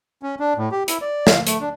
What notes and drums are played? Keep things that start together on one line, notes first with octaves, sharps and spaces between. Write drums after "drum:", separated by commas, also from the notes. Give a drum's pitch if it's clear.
C#4
D4
A2
G4
E4, drum: hi-hat
D5
F5, drum: snare
A3, drum: hi-hat
D4